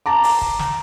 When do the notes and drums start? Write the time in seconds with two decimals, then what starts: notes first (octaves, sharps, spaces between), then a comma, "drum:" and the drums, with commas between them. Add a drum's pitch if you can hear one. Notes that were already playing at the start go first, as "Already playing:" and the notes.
0.06 A5 A#5 D6
0.24 drum: open hi-hat
0.41 drum: kick
0.59 drum: snare